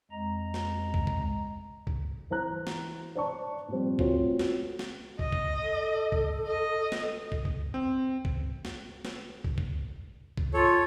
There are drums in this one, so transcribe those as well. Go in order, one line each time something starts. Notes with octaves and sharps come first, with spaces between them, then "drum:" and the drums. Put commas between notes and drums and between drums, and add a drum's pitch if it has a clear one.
F2 G#3 D#5 A#5
drum: snare
drum: kick
drum: kick
drum: kick
E3 C5 A#5 F#6
drum: snare
C5 D5 A5 C#6
A#2 F3 G3 C4
A3 C4 C#4 F4 F#4, drum: kick
drum: snare
drum: snare
D#5, drum: kick
drum: kick
A4
drum: kick
D#5
drum: snare
drum: kick
drum: kick
C4
drum: kick
drum: snare
drum: snare
drum: kick
drum: kick
drum: kick
F4 A4 C#5